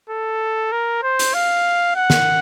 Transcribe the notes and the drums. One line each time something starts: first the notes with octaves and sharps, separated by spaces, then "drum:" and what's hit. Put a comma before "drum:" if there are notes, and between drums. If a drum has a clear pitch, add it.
A4
A#4
C5
drum: hi-hat
F5
F#5
drum: snare